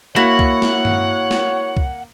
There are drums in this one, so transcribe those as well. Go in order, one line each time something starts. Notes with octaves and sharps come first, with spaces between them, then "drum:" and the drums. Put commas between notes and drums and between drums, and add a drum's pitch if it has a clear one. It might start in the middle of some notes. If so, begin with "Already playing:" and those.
A#3 E4 F#4 C#5 F#5
drum: kick C2
drum: snare
drum: tom G2
drum: snare
drum: kick C2